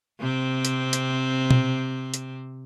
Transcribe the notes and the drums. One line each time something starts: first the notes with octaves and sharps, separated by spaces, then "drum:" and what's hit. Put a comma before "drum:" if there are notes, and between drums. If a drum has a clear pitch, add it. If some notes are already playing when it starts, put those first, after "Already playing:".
C3 C4
drum: hi-hat
drum: hi-hat
drum: tom B2
drum: hi-hat